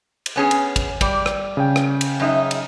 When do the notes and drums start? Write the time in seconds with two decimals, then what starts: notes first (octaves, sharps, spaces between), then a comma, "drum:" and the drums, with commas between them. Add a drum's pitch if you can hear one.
0.26 drum: cymbal
0.36 B3 C#4 G#4
0.51 drum: cymbal
0.76 drum: kick, cymbal
1.01 G3 D5, drum: kick, cymbal
1.26 drum: rim click
1.57 C#3 G5
1.76 drum: rim click
2.01 drum: cymbal
2.20 F#2 D#4 E5
2.51 drum: cymbal